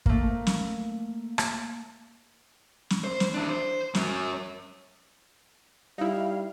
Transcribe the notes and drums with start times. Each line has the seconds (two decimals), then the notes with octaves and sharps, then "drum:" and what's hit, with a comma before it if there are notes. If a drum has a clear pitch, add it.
0.06 A3 A#3, drum: kick
0.47 drum: snare
1.38 drum: rim click
2.90 drum: snare
3.04 C5
3.20 drum: snare
3.34 E3 D4
3.50 C5
3.95 F#2 C#4, drum: snare
5.98 G3 D#4 E4 F5